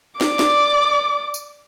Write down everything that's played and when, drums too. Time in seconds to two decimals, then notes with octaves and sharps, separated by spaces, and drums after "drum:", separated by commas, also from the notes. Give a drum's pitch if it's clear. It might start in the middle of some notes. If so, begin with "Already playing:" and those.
0.21 D5 D6, drum: snare
0.39 drum: snare
1.34 drum: tambourine